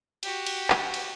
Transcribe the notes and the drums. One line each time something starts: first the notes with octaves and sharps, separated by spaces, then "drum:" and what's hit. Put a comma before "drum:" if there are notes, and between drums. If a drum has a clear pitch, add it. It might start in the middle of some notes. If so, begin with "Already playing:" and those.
F#4 G4, drum: cymbal
drum: cymbal
drum: clap
drum: cymbal